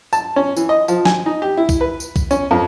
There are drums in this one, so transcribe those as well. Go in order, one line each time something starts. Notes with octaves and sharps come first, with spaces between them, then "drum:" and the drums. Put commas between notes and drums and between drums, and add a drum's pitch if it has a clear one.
A5, drum: tambourine
C#4
E3, drum: tambourine
D#5
F3, drum: tambourine
G#5, drum: snare
D#4
G4
E4
drum: kick B1, tambourine
B4
drum: tambourine
drum: kick B1, tambourine
C#4, drum: tambourine
F2